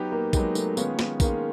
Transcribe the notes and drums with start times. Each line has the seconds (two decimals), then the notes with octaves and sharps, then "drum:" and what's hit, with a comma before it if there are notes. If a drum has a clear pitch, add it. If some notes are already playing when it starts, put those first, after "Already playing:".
Already playing: F#3 B3 D#4 G4
0.12 A#3
0.33 F#3 G#3 B3 D#4 G4, drum: kick, tambourine
0.55 A3, drum: tambourine
0.77 D#3 G#3 B3 C#4 F4, drum: tambourine
0.99 drum: snare
1.20 D#3 G#3 A#3 C#4 F4, drum: kick, tambourine